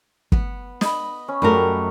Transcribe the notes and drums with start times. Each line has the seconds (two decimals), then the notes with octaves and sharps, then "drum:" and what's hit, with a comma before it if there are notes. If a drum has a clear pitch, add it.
0.32 B3, drum: kick
0.81 D#5 B5, drum: snare
1.28 C#4
1.42 F#2 G3 A3 F#4 A#4